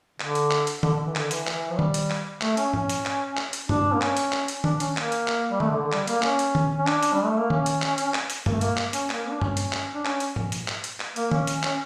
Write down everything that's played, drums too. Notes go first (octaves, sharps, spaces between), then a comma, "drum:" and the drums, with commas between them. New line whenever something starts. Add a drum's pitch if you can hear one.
D3, drum: clap
drum: hi-hat
drum: clap
drum: hi-hat
D3, drum: tom D#3
D3
E3
D3, drum: clap
E3, drum: hi-hat
E3, drum: clap
F3
G3, drum: tom D#3
drum: hi-hat
drum: clap
A3, drum: clap
C#4, drum: hi-hat
C#4, drum: tom
drum: hi-hat
drum: clap
drum: clap
drum: hi-hat
D4, drum: tom
A#3
C#4, drum: clap
drum: hi-hat
drum: clap
drum: hi-hat
D4, drum: tom D#3
C#4, drum: hi-hat
A#3, drum: clap
drum: hi-hat
drum: clap
G3
A3, drum: tom D#3
D3
D3
G3, drum: clap
A#3, drum: hi-hat
C#4, drum: clap
drum: hi-hat
drum: tom D#3
C#4
D4, drum: clap
drum: hi-hat
G3
A3
A#3
C#4, drum: tom D#3
drum: hi-hat
drum: clap
drum: hi-hat
drum: clap
drum: hi-hat
A#3, drum: tom
A3
A#3, drum: hi-hat
drum: clap
C#4, drum: hi-hat
A#3, drum: clap
D4
C#4, drum: tom
drum: hi-hat
drum: clap
D4
C#4, drum: clap
drum: hi-hat
drum: tom
drum: hi-hat
drum: clap
drum: hi-hat
drum: clap
A#3, drum: hi-hat
C#4, drum: tom D#3
drum: hi-hat
C#4, drum: clap